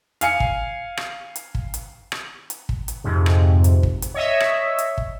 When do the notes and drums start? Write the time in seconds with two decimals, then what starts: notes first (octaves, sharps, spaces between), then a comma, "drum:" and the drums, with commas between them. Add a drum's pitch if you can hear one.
0.21 F5 G#5 C#7, drum: hi-hat
0.40 drum: kick
0.97 drum: rim click
1.36 drum: hi-hat
1.55 drum: kick
1.74 drum: hi-hat
2.12 drum: rim click
2.50 drum: hi-hat
2.69 drum: kick
2.88 drum: hi-hat
3.04 F2 G#2 C3
3.26 drum: rim click
3.64 drum: hi-hat
3.83 drum: kick
4.02 drum: hi-hat
4.14 C#5 D#5 E5
4.40 drum: rim click
4.79 drum: hi-hat
4.98 drum: kick